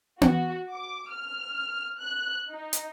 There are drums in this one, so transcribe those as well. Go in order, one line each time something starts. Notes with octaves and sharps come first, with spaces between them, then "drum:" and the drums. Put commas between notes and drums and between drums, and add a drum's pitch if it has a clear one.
F#4, drum: tom B3
D6
F6
F#6
D#4
drum: hi-hat